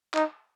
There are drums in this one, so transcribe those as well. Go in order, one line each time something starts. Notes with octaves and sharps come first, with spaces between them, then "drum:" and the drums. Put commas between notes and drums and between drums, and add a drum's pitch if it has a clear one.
D#4, drum: clap